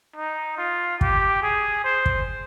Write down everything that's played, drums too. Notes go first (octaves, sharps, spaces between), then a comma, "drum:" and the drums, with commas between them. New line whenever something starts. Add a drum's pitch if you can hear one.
D#4
F4
G4, drum: kick
G#4
C5
drum: kick